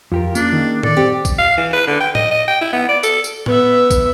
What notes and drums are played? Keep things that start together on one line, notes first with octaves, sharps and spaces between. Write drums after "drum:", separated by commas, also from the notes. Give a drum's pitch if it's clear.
F2 F4 G4 A#4
A#3 C#4 D4 G#4, drum: tambourine
D#3
A4 D5, drum: tom A2
C4 G4
drum: kick A#1, tambourine
F5
E3
B4
D3
G5
D#5, drum: tom A2
D#5
G5
E4
B3
D5
A4, drum: tambourine
drum: tambourine
B3 E5, drum: tom A2
drum: kick A#1, tambourine